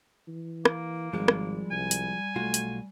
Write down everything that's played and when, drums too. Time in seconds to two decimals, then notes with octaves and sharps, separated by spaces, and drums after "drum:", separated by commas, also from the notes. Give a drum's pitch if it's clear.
0.28 E3
0.65 A#3, drum: rim click
1.13 G#1 F3 G3 G#3
1.28 drum: rim click
1.71 C2 G#5
1.91 drum: hi-hat
2.36 B1 A3 F4 F#4
2.54 drum: hi-hat